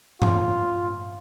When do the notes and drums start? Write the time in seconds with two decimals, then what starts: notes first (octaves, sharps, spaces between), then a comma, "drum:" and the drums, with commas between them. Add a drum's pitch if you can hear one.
0.22 F4, drum: tom G2